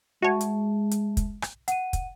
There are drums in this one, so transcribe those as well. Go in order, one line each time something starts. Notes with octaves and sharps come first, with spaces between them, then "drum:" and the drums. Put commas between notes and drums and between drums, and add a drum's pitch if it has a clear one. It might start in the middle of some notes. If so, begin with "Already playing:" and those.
G#3 F#4 C#5 E5 A5
drum: hi-hat
drum: hi-hat
drum: kick, hi-hat
drum: rim click
F#5 D#7, drum: hi-hat
drum: kick, hi-hat